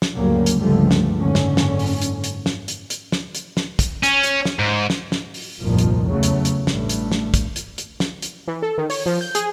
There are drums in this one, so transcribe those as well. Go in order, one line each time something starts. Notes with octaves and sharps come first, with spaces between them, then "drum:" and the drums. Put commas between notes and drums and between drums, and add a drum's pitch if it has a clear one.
drum: snare
D2 G2 C#3 F#3 G3 A#3
drum: hi-hat
C#2 G2 D3 F3 G3 A3
drum: snare
F#1 G#2 D3 C#4
drum: snare
drum: snare
drum: open hi-hat
drum: hi-hat
drum: hi-hat
drum: snare
drum: hi-hat
drum: hi-hat
drum: snare
drum: hi-hat
drum: snare
drum: kick, hi-hat
C#4, drum: hi-hat
drum: hi-hat
drum: snare
G#2
drum: snare
drum: snare
drum: open hi-hat
F1 C2 G2 A#2 D#3 F3
drum: hi-hat
E2 C#3 F#3 A3
drum: hi-hat
drum: hi-hat
A1 G2 A3, drum: snare
drum: hi-hat
drum: snare
drum: kick, hi-hat
drum: hi-hat
drum: hi-hat
drum: snare
drum: hi-hat
E3
A4
D#3
C#5, drum: open hi-hat
F3
G6
G#4, drum: hi-hat